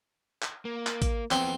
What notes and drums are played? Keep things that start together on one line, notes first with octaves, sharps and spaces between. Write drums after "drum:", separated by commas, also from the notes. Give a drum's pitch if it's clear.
drum: clap
A#3
drum: clap
drum: kick, hi-hat
F2 B3 C4, drum: clap